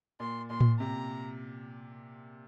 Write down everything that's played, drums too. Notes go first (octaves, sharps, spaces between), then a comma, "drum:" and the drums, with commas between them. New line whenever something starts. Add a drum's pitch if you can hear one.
A#2 C6
A#2 C6
drum: tom A2
C3 A#5